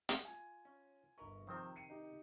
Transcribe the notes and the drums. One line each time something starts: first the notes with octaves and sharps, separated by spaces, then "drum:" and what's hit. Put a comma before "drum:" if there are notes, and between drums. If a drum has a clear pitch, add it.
drum: hi-hat
F4 G#5
C#4
G1 A#4 B4 D#5 C#6
C3 D#3 F3 C4 C5
C7 C#7 D#7
D#4 G4